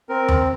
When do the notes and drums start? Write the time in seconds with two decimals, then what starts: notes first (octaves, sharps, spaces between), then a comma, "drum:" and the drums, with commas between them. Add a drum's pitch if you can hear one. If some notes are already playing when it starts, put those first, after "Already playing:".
0.09 C4 A#4
0.29 drum: tom D#2